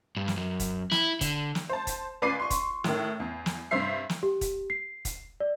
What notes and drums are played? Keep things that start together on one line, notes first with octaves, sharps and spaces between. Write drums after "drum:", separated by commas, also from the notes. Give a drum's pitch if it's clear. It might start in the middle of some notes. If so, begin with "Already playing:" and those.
G2
drum: snare
F#2
drum: kick, hi-hat
E4, drum: snare
D3, drum: kick, hi-hat
drum: snare
C5 A5
drum: kick, hi-hat
C#2 B4 D5 D6 C7 D#7
C6 C#6
drum: kick, hi-hat
A2 D#3, drum: snare
E2
drum: snare
G2 C3 C5 E5 C7
drum: snare
G4
drum: kick, hi-hat
C7
drum: kick, hi-hat
D5